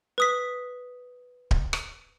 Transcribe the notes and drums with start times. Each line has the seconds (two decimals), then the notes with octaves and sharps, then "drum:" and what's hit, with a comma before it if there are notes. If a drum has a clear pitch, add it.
0.18 B4 D#6 B6
1.51 drum: kick D1
1.73 drum: rim click